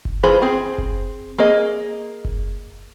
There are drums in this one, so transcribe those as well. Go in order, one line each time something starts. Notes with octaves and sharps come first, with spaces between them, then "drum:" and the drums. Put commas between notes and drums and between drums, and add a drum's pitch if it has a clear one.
drum: kick F#1
E3 F4 G#4 C5 B5
C4 G#4
drum: kick F#1
A#3 G#4 D#5
drum: kick F#1